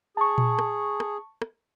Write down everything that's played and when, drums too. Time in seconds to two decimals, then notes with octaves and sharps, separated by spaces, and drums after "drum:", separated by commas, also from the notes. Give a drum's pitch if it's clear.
0.17 G#4 A5 C#6
0.38 drum: tom A#2
0.59 drum: rim click
1.00 drum: rim click
1.42 drum: rim click